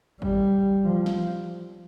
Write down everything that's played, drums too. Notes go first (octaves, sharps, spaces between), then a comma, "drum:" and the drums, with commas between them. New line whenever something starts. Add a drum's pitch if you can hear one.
G3, drum: kick G#1
F3
drum: snare